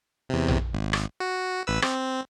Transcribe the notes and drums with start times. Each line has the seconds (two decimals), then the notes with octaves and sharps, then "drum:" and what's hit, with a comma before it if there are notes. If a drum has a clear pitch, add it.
0.29 E2 C3
0.48 drum: tom A#1
0.73 G#1
0.93 drum: rim click
1.20 F#4
1.67 A1 B4 E6
1.82 C4, drum: rim click